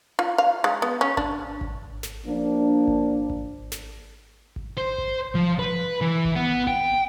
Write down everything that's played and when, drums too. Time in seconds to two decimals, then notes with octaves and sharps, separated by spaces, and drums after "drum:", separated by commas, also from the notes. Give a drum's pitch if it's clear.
0.19 F4
0.38 F5
0.64 G#3
0.82 B3
1.01 C#4
1.17 D4, drum: kick G#1
1.61 drum: kick G#1
2.03 drum: snare
2.26 F3 A#3 D4
2.88 drum: kick G#1
3.30 drum: kick G#1
3.72 drum: snare
4.56 drum: kick G#1
4.77 C5
4.98 drum: kick G#1
5.35 F3
5.59 B4
6.01 E3
6.25 drum: kick G#1
6.36 B3
6.67 G5, drum: kick G#1